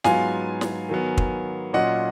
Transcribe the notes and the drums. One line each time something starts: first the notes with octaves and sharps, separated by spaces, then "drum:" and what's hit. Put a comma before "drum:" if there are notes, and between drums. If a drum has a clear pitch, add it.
G#2 F#3 B3 F4 F5 G#5, drum: snare
drum: snare
D#3 F#3 B3
drum: kick
A#2 F#3 C#4 F4 D#5 F#5